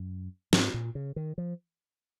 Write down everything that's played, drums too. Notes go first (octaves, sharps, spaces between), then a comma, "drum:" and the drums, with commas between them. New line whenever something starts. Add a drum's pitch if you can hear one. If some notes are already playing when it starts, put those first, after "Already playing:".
Already playing: F#2
G#2, drum: snare
A#2
C#3
D#3
F3